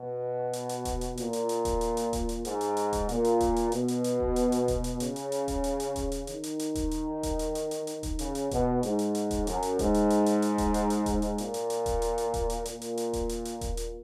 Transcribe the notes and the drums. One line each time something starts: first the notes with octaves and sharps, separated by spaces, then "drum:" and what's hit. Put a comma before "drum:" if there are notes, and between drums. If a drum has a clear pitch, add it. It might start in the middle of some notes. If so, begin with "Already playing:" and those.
Already playing: B2
drum: hi-hat
drum: hi-hat
drum: kick D#1, hi-hat
drum: hi-hat
A#2, drum: hi-hat
drum: hi-hat
drum: hi-hat
drum: kick D#1, hi-hat
drum: hi-hat
drum: hi-hat
drum: kick D#1, hi-hat
drum: hi-hat
G#2, drum: hi-hat
drum: hi-hat
drum: hi-hat
drum: kick D#1, hi-hat
A#2, drum: hi-hat
drum: hi-hat
drum: kick D#1, hi-hat
drum: hi-hat
B2, drum: hi-hat
drum: hi-hat
drum: hi-hat
drum: kick D#1
drum: hi-hat
drum: hi-hat
drum: kick D#1, hi-hat
drum: hi-hat
C#3, drum: hi-hat
drum: hi-hat
drum: hi-hat
drum: kick D#1, hi-hat
drum: hi-hat
drum: hi-hat
drum: kick D#1, hi-hat
drum: hi-hat
D#3, drum: hi-hat
drum: hi-hat
drum: hi-hat
drum: kick D#1, hi-hat
drum: hi-hat
drum: kick D#1, hi-hat
drum: hi-hat
drum: hi-hat
drum: hi-hat
drum: hi-hat
drum: kick D#1, hi-hat
C#3, drum: hi-hat
drum: hi-hat
B2, drum: kick D#1, hi-hat
G#2, drum: hi-hat
drum: hi-hat
drum: hi-hat
drum: kick D#1, hi-hat
F#2, drum: hi-hat
drum: hi-hat
G#2, drum: kick D#1, hi-hat
drum: hi-hat
drum: hi-hat
drum: hi-hat
drum: hi-hat
drum: kick D#1, hi-hat
drum: hi-hat
drum: hi-hat
drum: kick D#1, hi-hat
drum: hi-hat
A#2, drum: hi-hat
drum: hi-hat
drum: hi-hat
drum: kick D#1, hi-hat
drum: hi-hat
drum: hi-hat
drum: kick D#1, hi-hat
drum: hi-hat
A#2, drum: hi-hat
drum: hi-hat
drum: hi-hat
drum: kick D#1, hi-hat
drum: hi-hat
drum: hi-hat
drum: kick D#1, hi-hat
drum: hi-hat